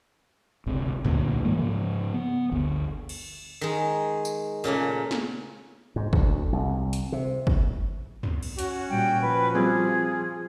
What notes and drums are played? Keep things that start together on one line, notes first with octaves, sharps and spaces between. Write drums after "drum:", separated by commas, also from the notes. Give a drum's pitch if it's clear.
G1 C#2 C3
D2 A#2 D3, drum: tom
G#2 E3 G#3 A#3
G#2 C#3 F3
B3
G1 D2
drum: cymbal
D#3 G#3
drum: tambourine
A#2 C#3 A3 A#3
drum: snare
G#2
D2, drum: kick
C2
drum: hi-hat
C3
drum: kick
drum: tom
drum: cymbal
C#4 F#4, drum: hi-hat
A#2 G3 G5
F3 B4
G3 C4 F4 G#4